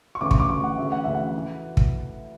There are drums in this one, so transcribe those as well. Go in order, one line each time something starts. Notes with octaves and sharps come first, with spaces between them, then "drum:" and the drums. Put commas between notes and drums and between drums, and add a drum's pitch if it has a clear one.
C#6
D2 C#3 E3 D6
C#6, drum: kick
D6
D2 C#3 E3 C#6
F#5
D2 C#3 E3 E5
F#5
D2 C#3 E3 E5
F#5
E3
drum: kick